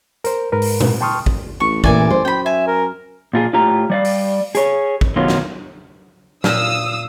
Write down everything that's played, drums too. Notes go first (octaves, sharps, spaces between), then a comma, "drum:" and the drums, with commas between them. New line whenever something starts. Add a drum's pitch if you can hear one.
A#4 C5, drum: hi-hat
G#2 A#4 B4
drum: open hi-hat
drum: tom A#2
G5 A5 C6 C#6 D#6 F6
drum: kick
A1 C#6
A#2 E3 D5 G#5, drum: kick
C5
F#2 G5 B5
E5 G#5
A#4
A#2 F4 G#4
A2 F4 G4 A#5
G3 D5 F5
drum: open hi-hat
G#4 C#5, drum: hi-hat
drum: kick
F#2 B2 D#3 F#3 F4
drum: snare
A#2 F5 D#6 E6, drum: snare